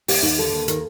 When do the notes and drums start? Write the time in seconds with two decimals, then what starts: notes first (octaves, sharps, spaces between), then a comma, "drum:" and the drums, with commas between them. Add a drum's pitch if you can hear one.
0.08 D#2 G4, drum: open hi-hat
0.22 D#2 D#4
0.38 D3 A4
0.52 D#2
0.68 D#3, drum: hi-hat